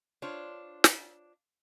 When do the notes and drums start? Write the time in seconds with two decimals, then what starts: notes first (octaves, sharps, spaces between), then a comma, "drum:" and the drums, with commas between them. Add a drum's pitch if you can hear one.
0.22 D4 F4 C5 C#5
0.84 drum: snare